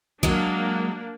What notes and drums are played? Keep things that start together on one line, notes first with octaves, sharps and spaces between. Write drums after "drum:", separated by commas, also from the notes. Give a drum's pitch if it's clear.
F#3 G#3 A#3 D4, drum: kick A#1